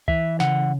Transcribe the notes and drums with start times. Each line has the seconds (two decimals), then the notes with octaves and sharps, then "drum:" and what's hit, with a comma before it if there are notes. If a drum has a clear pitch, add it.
0.08 E3 E5, drum: kick
0.40 C#3 F#5, drum: snare